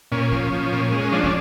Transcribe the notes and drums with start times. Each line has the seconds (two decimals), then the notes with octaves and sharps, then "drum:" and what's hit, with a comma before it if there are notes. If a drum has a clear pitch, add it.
0.12 A#2 C#4
0.32 F3, drum: kick
0.52 F3
0.72 A#2
0.92 G#3
1.12 F3 D4
1.24 C#4, drum: kick